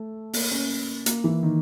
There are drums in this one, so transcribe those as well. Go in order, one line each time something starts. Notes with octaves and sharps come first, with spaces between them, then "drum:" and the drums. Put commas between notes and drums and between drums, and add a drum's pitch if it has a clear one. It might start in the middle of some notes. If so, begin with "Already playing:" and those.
Already playing: A3
A#3, drum: open hi-hat
C#4
A#3, drum: hi-hat
E3
D#3